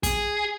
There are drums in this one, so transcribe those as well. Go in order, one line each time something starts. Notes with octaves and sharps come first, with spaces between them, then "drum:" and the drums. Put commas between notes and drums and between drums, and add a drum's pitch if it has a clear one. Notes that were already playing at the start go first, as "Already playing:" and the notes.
G#4, drum: kick, hi-hat